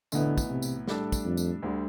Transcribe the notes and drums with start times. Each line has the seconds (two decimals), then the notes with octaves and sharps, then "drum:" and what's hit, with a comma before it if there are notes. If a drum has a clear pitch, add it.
0.12 B1 A2 D3 E3 B3 E4, drum: tambourine
0.38 drum: kick, tambourine
0.49 C3
0.62 drum: tambourine
0.87 A2 G3 D4 A4, drum: snare
1.12 drum: kick, tambourine
1.25 F2
1.37 drum: tambourine
1.62 D2 D3 G3